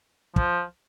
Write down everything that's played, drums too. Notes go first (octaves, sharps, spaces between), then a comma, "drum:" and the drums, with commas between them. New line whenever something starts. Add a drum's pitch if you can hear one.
F3, drum: kick